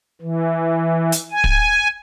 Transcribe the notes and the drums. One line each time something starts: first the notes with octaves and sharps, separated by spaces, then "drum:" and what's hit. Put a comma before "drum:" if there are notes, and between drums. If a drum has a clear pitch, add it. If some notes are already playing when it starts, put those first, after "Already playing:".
E3
drum: hi-hat
G#5
drum: kick